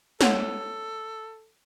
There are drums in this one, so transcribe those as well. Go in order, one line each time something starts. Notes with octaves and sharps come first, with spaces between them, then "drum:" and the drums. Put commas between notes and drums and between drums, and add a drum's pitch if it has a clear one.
A4 C#5 F#5 C6, drum: snare